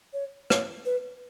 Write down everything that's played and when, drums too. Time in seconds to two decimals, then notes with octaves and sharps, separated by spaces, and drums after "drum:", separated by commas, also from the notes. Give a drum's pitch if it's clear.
0.13 C#5
0.50 C#5, drum: rim click
0.85 B4